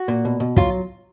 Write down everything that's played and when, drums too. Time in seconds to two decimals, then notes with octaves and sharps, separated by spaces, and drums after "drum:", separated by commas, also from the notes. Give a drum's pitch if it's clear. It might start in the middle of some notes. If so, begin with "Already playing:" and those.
Already playing: F#4
0.08 A#2
0.25 B2
0.40 B2
0.56 F#3 F4, drum: kick